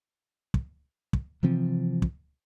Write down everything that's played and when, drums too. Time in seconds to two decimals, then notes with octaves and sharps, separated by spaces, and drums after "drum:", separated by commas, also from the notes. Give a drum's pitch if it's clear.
0.54 drum: kick
1.13 drum: kick
1.43 C3 E3 F3 C4
2.02 drum: kick